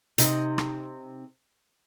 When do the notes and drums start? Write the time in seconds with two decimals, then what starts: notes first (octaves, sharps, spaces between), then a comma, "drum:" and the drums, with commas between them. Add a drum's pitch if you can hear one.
0.18 C3 D#4, drum: hi-hat
0.58 drum: rim click